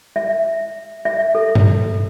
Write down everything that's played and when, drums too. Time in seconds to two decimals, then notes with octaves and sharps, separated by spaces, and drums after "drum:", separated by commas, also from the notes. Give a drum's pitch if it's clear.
0.16 E5
1.05 E5
1.35 A4
1.55 drum: tom G2